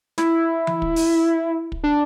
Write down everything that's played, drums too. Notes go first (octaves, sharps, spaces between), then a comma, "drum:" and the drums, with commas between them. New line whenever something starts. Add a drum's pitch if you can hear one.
E4, drum: snare
drum: tom E3
drum: kick
drum: open hi-hat
drum: kick
D4